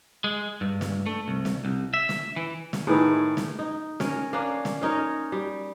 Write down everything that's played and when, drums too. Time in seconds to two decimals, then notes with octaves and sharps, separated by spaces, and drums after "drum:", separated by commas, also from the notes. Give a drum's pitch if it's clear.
0.24 G#3
0.61 G2
0.81 drum: snare
1.06 A3
1.28 C2
1.45 drum: snare
1.65 C2
1.94 E5
2.09 drum: snare
2.36 E3
2.73 drum: snare
2.87 A2 D#3 G#4 B4
3.37 drum: snare
3.59 D#4
4.00 C#4 A#4, drum: snare
4.33 A#3 C#4 D4
4.65 drum: snare
4.82 C#4 D#4 A#4 C#5
5.32 G3